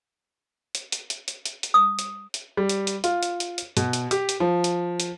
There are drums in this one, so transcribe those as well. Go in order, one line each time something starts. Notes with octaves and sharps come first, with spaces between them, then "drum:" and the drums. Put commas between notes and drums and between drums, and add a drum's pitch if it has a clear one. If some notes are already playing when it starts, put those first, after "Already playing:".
drum: hi-hat
drum: hi-hat
drum: hi-hat
drum: hi-hat
drum: hi-hat
drum: hi-hat
D#6
drum: hi-hat
drum: hi-hat
G3
drum: hi-hat
drum: hi-hat
F4, drum: hi-hat
drum: hi-hat
drum: hi-hat
drum: hi-hat
B2, drum: hi-hat
drum: hi-hat
G4, drum: hi-hat
drum: hi-hat
F3
drum: hi-hat
drum: hi-hat